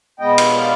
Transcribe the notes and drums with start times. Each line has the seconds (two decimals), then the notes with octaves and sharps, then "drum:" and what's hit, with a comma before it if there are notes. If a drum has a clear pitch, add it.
0.20 B2 G#3 B3 D#5 G5
0.38 drum: cymbal
0.56 D5 F5